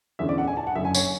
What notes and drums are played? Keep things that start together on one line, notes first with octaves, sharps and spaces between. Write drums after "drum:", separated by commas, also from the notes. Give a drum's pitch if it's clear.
E2 D3 G#3 C#4 E5
D5
F#5
G#5
A5
F#5
F#1 F#2 D3 E5
G#5
C#5, drum: tambourine